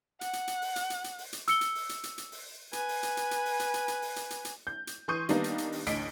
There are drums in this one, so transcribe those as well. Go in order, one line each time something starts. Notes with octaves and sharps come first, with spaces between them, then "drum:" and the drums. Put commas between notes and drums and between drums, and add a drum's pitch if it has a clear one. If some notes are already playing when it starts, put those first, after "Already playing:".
F#5, drum: hi-hat
drum: hi-hat
drum: hi-hat
drum: open hi-hat
drum: hi-hat
drum: hi-hat
drum: hi-hat
drum: open hi-hat
drum: hi-hat
E6 C#7 G7, drum: hi-hat
drum: hi-hat
drum: open hi-hat
drum: hi-hat
drum: hi-hat
drum: hi-hat
drum: open hi-hat
B4 G#5, drum: hi-hat
drum: open hi-hat
drum: hi-hat
drum: hi-hat
drum: hi-hat
drum: open hi-hat
drum: hi-hat
drum: hi-hat
drum: hi-hat
drum: open hi-hat
drum: hi-hat
drum: hi-hat
drum: hi-hat
G6
drum: hi-hat
E3 C6 C#6 D#6 G6 D#7
D#3 G3 A#3 B3 D4 D#4, drum: hi-hat
drum: hi-hat
drum: hi-hat
drum: open hi-hat
A1 D2 D#5 B6 D7, drum: hi-hat